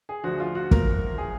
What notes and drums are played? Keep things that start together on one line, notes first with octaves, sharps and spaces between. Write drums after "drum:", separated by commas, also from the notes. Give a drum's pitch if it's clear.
G#4
D2 D3 F3 F#4
F4
F#4
A#4, drum: kick
G#4